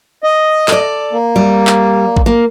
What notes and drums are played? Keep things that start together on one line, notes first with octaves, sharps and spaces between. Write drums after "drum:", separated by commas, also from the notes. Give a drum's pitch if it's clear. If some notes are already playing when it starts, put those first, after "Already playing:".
D#5
A4 D5, drum: clap
A#3
G3
drum: clap
drum: kick A1
A#3